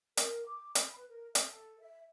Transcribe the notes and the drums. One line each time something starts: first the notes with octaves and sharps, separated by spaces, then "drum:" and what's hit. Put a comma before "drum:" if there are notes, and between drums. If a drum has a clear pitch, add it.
A#4, drum: hi-hat
D6
B5, drum: hi-hat
B4
A#4
E5, drum: hi-hat
A4
E5